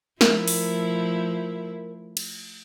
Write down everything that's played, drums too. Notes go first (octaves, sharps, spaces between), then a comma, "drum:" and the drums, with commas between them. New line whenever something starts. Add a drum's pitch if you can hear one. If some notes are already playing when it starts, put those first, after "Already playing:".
F3 A3 E4 A#4, drum: snare
drum: open hi-hat
drum: cymbal